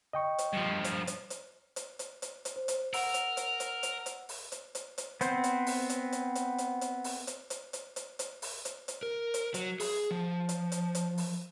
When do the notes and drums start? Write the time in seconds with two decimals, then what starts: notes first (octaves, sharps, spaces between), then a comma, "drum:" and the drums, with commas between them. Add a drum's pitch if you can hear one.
0.13 D#5 G5 C#6
0.38 drum: hi-hat
0.53 G2 F3
0.84 drum: hi-hat
1.07 drum: hi-hat
1.30 drum: hi-hat
1.76 drum: hi-hat
1.99 drum: hi-hat
2.22 drum: hi-hat
2.45 drum: hi-hat
2.56 C5
2.68 drum: hi-hat
2.93 A#4 F#5 E6, drum: open hi-hat
3.14 drum: hi-hat
3.37 drum: hi-hat
3.60 drum: hi-hat
3.83 drum: hi-hat
4.06 drum: hi-hat
4.29 drum: open hi-hat
4.52 drum: hi-hat
4.75 drum: hi-hat
4.98 drum: hi-hat
5.21 B3 C4 C5, drum: hi-hat
5.44 drum: hi-hat
5.67 drum: open hi-hat
5.89 drum: hi-hat
6.12 drum: hi-hat
6.35 drum: hi-hat
6.58 drum: hi-hat
6.81 drum: hi-hat
7.04 drum: open hi-hat
7.27 drum: hi-hat
7.50 drum: hi-hat
7.73 drum: hi-hat
7.96 drum: hi-hat
8.19 drum: hi-hat
8.42 drum: open hi-hat
8.65 drum: hi-hat
8.88 drum: hi-hat
9.03 A#4
9.34 drum: hi-hat
9.54 F#3, drum: hi-hat
9.80 G#4, drum: open hi-hat
10.11 F3
10.49 drum: hi-hat
10.72 drum: hi-hat
10.95 drum: hi-hat
11.18 drum: open hi-hat